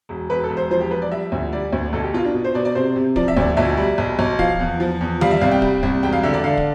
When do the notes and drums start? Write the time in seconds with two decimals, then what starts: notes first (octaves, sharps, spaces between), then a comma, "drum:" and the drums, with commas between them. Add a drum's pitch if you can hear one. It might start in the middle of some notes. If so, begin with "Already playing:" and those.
0.09 E1
0.30 E1 B4
0.44 A4
0.50 E1
0.57 C5
0.71 F3 C5
0.81 G4
0.91 F3 B4
1.02 D5
1.12 G3 E5
1.32 D2
1.53 G3 D5
1.73 D2
1.93 B1 A4
2.04 G4
2.14 B2 F4
2.25 D4
2.34 B2
2.44 C5
2.54 B2 D5
2.65 D5
2.75 C3 C5
2.96 C3
3.16 F3 D5, drum: kick
3.28 E5
3.37 D2 D5
3.57 B1 E5
3.77 G3
3.98 B1
4.19 B1
4.39 F3 F5, drum: kick
4.60 E2
4.80 F3
5.01 E2
5.21 G3 F5, drum: tom D#3
5.31 E5
5.41 C2 F5
5.51 G5
5.62 G3, drum: kick
5.83 C2
6.03 E1 G5
6.13 F5
6.23 D3 E5
6.34 D5
6.44 D3 F5
6.57 drum: kick